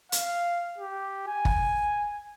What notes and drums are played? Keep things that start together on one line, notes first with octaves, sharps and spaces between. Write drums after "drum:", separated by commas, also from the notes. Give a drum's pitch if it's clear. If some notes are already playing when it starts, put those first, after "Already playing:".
F5, drum: hi-hat
G4
G#5
drum: kick G1